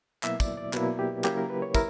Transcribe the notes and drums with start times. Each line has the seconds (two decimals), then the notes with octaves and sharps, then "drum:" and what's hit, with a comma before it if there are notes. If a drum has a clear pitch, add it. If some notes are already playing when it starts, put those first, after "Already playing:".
0.23 B2 F#3 A#3 E4 E5, drum: clap
0.40 D5, drum: kick, tambourine
0.57 D5
0.74 B2 F#3 A#3 E4 B4, drum: clap
0.99 G4
1.24 C#3 F#3 A#3 C#4 E4 G4, drum: clap
1.37 A#4
1.50 B4
1.62 C#5
1.75 E4 A#4, drum: kick, tambourine